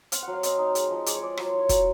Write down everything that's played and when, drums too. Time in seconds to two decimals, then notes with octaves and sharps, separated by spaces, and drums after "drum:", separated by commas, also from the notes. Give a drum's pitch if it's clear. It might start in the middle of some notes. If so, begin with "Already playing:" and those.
0.12 C4 F5, drum: hi-hat
0.23 F#3 F#5
0.33 F5
0.43 C4 D#5, drum: hi-hat
0.59 D#4
0.75 G#3, drum: hi-hat
0.91 F3
1.06 G#3 D5, drum: hi-hat
1.15 C#5
1.22 G#3 D5
1.37 F#3 C#5, drum: rim click
1.49 C5
1.54 E4 C#5
1.69 F#3 C#5, drum: kick, hi-hat